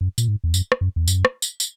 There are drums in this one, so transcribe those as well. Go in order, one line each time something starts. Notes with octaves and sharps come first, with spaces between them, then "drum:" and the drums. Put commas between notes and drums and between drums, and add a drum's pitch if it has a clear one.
F#2
A#2, drum: tambourine
G#2
E2
F#2, drum: tambourine
drum: rim click
F#2
E2
F#2, drum: tambourine
drum: rim click
drum: tambourine
drum: tambourine